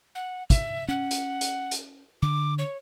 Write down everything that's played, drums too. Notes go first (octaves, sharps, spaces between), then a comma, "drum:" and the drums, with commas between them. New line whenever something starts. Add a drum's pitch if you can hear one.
F#5
E5, drum: kick, hi-hat
C#4 F#5
drum: hi-hat
drum: hi-hat
drum: hi-hat
D3 D6
C#5